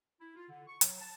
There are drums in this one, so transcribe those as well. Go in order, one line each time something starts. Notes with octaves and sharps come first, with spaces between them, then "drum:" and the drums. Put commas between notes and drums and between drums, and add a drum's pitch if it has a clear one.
E4
F4
D3
C#6
F#3, drum: hi-hat
A5